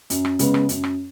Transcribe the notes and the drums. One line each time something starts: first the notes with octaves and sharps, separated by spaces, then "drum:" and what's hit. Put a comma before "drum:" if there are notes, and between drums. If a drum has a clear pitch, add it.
F#2, drum: hi-hat
drum: rim click
C#3 G#3 B3, drum: hi-hat
drum: rim click
F#2, drum: hi-hat
drum: rim click